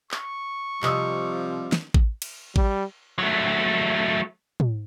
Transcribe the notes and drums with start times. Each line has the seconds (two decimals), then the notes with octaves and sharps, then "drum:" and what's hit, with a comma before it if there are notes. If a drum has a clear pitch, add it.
0.11 C#6, drum: clap
0.83 C3 F3 G3 D#5 D#6 E6, drum: clap
1.72 drum: snare
1.94 drum: kick A1
2.22 drum: cymbal
2.56 G3, drum: kick A1
3.19 F#3 A3
4.60 drum: tom